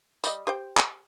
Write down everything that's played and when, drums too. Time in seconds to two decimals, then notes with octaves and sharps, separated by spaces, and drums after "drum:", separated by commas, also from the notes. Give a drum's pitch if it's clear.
0.24 G3 D#5, drum: tambourine
0.47 G4 C5 G5
0.77 drum: clap